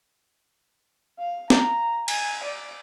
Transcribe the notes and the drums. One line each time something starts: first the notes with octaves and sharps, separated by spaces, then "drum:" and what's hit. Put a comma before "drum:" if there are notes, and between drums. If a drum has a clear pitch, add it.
F5
A#5, drum: snare
G#5, drum: cymbal
D5